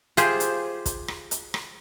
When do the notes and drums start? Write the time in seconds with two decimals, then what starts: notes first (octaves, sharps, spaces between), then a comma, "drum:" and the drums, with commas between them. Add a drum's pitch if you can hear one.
0.17 F4 G4 G#4 C5, drum: hi-hat
0.40 drum: hi-hat
0.86 drum: kick, hi-hat
1.08 drum: rim click
1.31 drum: hi-hat
1.54 drum: rim click